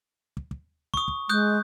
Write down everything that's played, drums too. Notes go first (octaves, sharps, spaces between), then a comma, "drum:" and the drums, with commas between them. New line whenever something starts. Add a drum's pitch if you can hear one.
drum: kick
drum: kick
C#6 D#6, drum: kick
drum: kick
G#3 D#6 F#6 G6